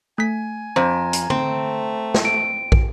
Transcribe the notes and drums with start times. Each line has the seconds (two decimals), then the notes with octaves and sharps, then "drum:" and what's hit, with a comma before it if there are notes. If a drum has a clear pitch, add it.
0.18 A3 G#5 B6
0.76 F2 C5 A#5
1.13 drum: hi-hat
1.30 A3 C4, drum: tom
2.14 drum: snare
2.25 D7
2.72 drum: kick